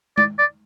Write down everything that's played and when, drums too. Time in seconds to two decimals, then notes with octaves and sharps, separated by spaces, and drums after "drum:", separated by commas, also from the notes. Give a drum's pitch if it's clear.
0.18 D5, drum: tom G#3
0.39 D5